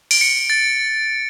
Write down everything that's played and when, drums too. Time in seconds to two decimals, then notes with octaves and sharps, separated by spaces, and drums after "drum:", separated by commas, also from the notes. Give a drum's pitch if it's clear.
0.11 D7, drum: cymbal
0.21 C#7
0.50 A6